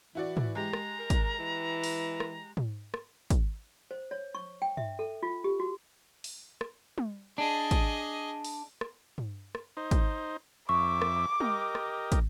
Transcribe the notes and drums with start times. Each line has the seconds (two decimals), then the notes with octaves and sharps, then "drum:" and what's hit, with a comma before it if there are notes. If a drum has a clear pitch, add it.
0.15 E3 E4 F#4 D5
0.37 drum: tom
0.55 G#3 G4 A#5
0.73 drum: rim click
0.99 A#4
1.10 drum: kick, hi-hat
1.39 E3
1.84 drum: open hi-hat
2.20 drum: rim click
2.57 drum: tom
2.94 drum: rim click
3.30 drum: kick, hi-hat
3.91 C5
4.11 C#5
4.35 C#6
4.62 G5
4.77 E5, drum: tom
4.99 A4
5.23 F4
5.44 G4
5.60 F#4
6.24 drum: open hi-hat
6.61 drum: rim click
6.98 drum: tom
7.38 D4 G#4 D#5
7.71 drum: kick, hi-hat
8.45 drum: open hi-hat
8.81 drum: rim click
9.18 drum: tom
9.55 drum: rim click
9.77 D#4 C5
9.91 drum: kick, hi-hat
10.69 F2 E5 C#6 D6
11.02 drum: rim click
11.40 G4 A#4 D#5, drum: tom
11.75 drum: rim click
12.12 drum: kick, hi-hat